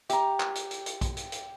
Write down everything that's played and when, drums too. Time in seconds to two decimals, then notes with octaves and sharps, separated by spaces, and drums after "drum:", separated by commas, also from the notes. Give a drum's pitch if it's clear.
0.09 G4 E5 A#5, drum: hi-hat
0.40 drum: clap
0.55 drum: hi-hat
0.71 drum: hi-hat
0.86 drum: hi-hat
1.01 drum: kick, hi-hat
1.17 drum: hi-hat
1.32 drum: hi-hat